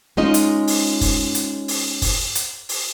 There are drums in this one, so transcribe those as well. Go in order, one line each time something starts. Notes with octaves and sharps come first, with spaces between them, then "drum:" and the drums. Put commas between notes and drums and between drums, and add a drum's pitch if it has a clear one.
G#3 C#4 D#4 F4 D#5
drum: hi-hat
drum: open hi-hat
drum: kick, open hi-hat
drum: hi-hat
drum: open hi-hat
drum: kick, open hi-hat
drum: hi-hat
drum: open hi-hat